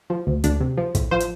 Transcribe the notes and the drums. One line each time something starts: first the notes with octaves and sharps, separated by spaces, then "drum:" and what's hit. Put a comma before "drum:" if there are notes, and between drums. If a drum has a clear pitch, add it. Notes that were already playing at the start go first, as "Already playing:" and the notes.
F3
D2
D2 D4, drum: hi-hat
C3
F3
A2, drum: kick, hi-hat
F3 C5
drum: hi-hat